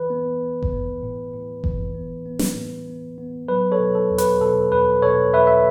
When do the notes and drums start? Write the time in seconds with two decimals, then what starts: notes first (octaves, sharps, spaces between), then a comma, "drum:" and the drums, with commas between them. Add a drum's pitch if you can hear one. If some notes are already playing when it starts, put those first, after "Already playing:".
Already playing: E3 B4
0.10 B3
0.41 B3
0.63 drum: kick F#1
0.72 B3
1.03 A2
1.33 A2
1.64 E3, drum: kick F#1
1.95 B3
2.26 B3
2.39 drum: snare
2.57 A2
2.88 B3
3.18 B3
3.48 F#3 B4
3.72 A4 C#5
3.79 B2
3.95 A4
4.10 E2
4.18 B4, drum: hi-hat
4.41 B2 A4
4.72 E2 B4
5.02 B2 A4 C#5
5.34 E2 B4 E5
5.47 E5